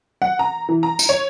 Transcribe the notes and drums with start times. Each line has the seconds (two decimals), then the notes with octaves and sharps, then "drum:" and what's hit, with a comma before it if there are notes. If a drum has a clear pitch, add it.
0.22 F#5
0.39 A#5
0.69 E3
0.83 A#5
0.99 drum: tambourine
1.09 C#5